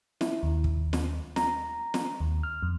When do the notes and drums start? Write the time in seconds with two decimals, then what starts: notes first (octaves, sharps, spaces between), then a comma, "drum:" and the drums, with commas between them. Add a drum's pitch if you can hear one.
0.21 E4, drum: snare
0.43 D#2
0.64 drum: kick
0.93 drum: snare
1.36 A#5, drum: snare
1.94 drum: snare
2.20 D#2
2.43 F6
2.63 F2